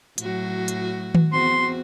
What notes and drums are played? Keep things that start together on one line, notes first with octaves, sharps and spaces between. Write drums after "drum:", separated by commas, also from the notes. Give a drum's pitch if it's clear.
A2 F#3 F#4, drum: hi-hat
drum: hi-hat
drum: tom D#3
E2 C4 F#4 C6